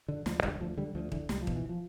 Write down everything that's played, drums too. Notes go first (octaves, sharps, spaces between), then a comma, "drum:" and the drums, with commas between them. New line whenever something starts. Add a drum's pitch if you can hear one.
D3
D2 F3, drum: snare
D3 G3, drum: kick D#1
D2 F3
D3 G3
D2 F3
D3 E3, drum: kick D#1
C2 G3, drum: snare
F3
B2, drum: kick D#1
E3
F3